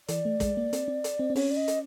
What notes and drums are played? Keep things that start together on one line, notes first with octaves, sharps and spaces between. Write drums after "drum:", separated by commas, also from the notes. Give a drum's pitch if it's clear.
E3 D5, drum: hi-hat
A3
G#3, drum: kick, hi-hat
A#3
C4, drum: hi-hat
C4
drum: hi-hat
C4
C4
C#4 C#5, drum: open hi-hat
D5
D#5
drum: hi-hat